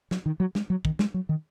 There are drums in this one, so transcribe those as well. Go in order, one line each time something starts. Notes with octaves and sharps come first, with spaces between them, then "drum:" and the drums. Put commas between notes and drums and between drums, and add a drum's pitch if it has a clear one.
F#3, drum: snare
D#3
F#3
G#3, drum: snare
F#3
D#3, drum: kick
G#3, drum: snare
F#3
D#3